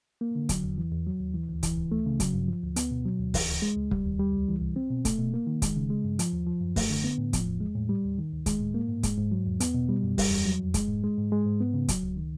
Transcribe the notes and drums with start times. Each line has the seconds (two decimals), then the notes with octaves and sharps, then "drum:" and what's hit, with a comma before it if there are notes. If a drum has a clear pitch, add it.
0.21 A#3
0.35 D3
0.49 F#3, drum: kick, hi-hat
0.64 E2
0.78 E3
0.92 E2
1.07 F#3
1.20 D#2
1.35 E3
1.49 D2
1.63 E3, drum: kick, hi-hat
1.78 C#2
1.92 A3
2.06 C#3
2.20 F#3, drum: kick, hi-hat
2.34 G2
2.48 F3
2.63 D2
2.76 B3, drum: hi-hat
2.91 B2
3.06 F#3
3.19 D2
3.34 E3, drum: kick, open hi-hat
3.49 C#2
3.62 G#3
3.76 C#2
3.91 G3, drum: kick
4.06 D#2
4.19 G3
4.33 C#2
4.48 E3
4.61 C2
4.76 C4
4.91 B2
5.05 A3, drum: kick, hi-hat
5.19 B2
5.34 A#3
5.47 D#3
5.62 G#3, drum: kick, hi-hat
5.76 C#3
5.90 G#3
6.04 G2
6.19 F3, drum: hi-hat
6.33 D#2
6.47 F3
6.61 F#2
6.76 A3, drum: kick, open hi-hat
6.90 D3
7.04 B3
7.18 A2
7.33 F3, drum: kick, hi-hat
7.46 E2
7.60 G#3
7.75 A2
7.89 G3
8.04 D#2
8.19 D#3
8.33 D2
8.46 G#3, drum: kick, hi-hat
8.60 A2
8.74 A#3
8.89 G#2
9.03 G#3, drum: kick, hi-hat
9.18 G#2
9.32 F#3
9.47 E2
9.60 B3, drum: hi-hat
9.74 B2
9.89 G3
10.03 F#2
10.18 G3, drum: kick, open hi-hat
10.32 E2
10.46 F#3
10.60 F2
10.74 G#3, drum: kick, hi-hat
10.89 G#2
11.03 G#3
11.18 G#2
11.32 G#3
11.46 G#2
11.60 B3
11.74 C#3
11.88 F#3, drum: kick, hi-hat
12.03 C#2
12.17 D#3